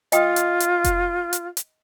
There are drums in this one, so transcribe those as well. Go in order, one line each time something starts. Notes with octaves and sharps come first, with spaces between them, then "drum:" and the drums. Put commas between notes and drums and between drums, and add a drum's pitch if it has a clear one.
F4 D#5 G5 D#6, drum: hi-hat
drum: hi-hat
drum: hi-hat
drum: kick F1, hi-hat
drum: hi-hat
drum: hi-hat